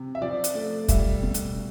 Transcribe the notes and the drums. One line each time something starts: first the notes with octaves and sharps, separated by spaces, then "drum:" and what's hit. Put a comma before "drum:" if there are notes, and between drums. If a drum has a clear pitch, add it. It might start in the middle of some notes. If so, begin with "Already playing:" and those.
Already playing: C3
E5
F3 D5
drum: hi-hat
A3
G3 E5, drum: kick, hi-hat
B2
drum: hi-hat